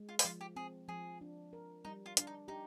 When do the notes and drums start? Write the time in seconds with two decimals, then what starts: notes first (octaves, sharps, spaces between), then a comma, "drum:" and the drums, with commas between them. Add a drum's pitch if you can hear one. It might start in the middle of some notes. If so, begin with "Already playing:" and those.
Already playing: G#3
0.09 F4
0.19 G4, drum: open hi-hat
0.25 F3 F4
0.41 G4
0.56 C4 G#4
0.88 F3 G#4
1.21 D4
1.53 A#4
1.85 G3 D#4
2.06 F4
2.17 D4 F4, drum: hi-hat
2.27 D#4
2.48 D#4 G4